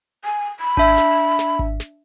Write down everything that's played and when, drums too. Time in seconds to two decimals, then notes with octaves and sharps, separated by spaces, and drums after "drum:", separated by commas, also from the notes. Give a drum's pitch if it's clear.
0.25 G#5
0.60 B5
0.77 D4 E5, drum: kick G#1
0.98 drum: snare
1.39 drum: snare
1.59 drum: kick G#1
1.80 drum: snare